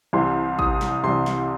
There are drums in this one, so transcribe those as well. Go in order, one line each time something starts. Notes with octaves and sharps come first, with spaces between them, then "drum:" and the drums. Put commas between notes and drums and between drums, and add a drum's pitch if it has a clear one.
C2 C3 E3 G3 C6
D#6, drum: kick
drum: snare
C2 C3 E3 G3 C6
drum: snare